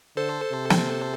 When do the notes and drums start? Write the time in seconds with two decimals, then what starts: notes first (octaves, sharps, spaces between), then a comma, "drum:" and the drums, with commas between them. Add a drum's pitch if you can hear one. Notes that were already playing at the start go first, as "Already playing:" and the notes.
0.16 D3 A4 C5
0.52 C3
0.70 drum: snare